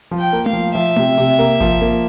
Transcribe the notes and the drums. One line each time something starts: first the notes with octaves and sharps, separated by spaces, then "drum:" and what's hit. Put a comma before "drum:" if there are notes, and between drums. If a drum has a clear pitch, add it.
F3
G5
A#3
F5, drum: tom A3
F3
F3 E5
C3, drum: tom A3
C3, drum: open hi-hat
A#3
F3, drum: kick G#1
A#3